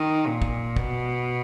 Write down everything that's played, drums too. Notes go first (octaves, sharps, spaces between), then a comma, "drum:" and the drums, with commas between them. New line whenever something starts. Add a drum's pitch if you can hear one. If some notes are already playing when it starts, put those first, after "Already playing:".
Already playing: D#3
A#2
drum: kick
B2, drum: kick